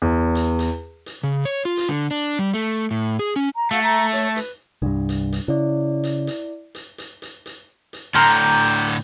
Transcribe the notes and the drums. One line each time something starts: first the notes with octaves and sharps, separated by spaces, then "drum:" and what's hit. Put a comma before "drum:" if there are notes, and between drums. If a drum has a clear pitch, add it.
E2
drum: hi-hat
drum: hi-hat
drum: hi-hat
C#3
C#5
F4
drum: hi-hat
D3
D4
G3
A3
A2
G#4
C#4
A#5
A3 F#4 F5
A#5
C#5, drum: hi-hat
B4, drum: hi-hat
C2 G2 D4
drum: hi-hat
drum: hi-hat
C#3 E4 D5
drum: hi-hat
drum: hi-hat
drum: hi-hat
drum: hi-hat
drum: hi-hat
drum: hi-hat
drum: hi-hat
A2 D3 G5 A#5 C6 F6, drum: hi-hat
drum: hi-hat
drum: hi-hat